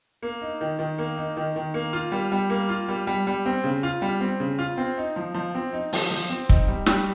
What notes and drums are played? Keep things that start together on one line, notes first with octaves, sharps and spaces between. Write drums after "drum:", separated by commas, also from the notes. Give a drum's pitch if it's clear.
A#3
D#4
D#3
D#3
A#3
D#4
D#3
D#3
A#3
F4
G3
G3
A#3
F4
G3
G3
G3
C4
C#3
F4
G3
C4
C#3
F4
C4
D#4
F3
F3
C4
D#4
F3, drum: open hi-hat
F3
C4
D#4, drum: kick
G3
G3, drum: snare